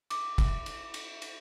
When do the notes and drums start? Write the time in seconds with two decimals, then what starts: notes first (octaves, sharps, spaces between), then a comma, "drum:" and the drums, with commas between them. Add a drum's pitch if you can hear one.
0.10 D6, drum: cymbal
0.38 drum: kick, cymbal
0.66 drum: cymbal
0.94 drum: cymbal
1.22 drum: cymbal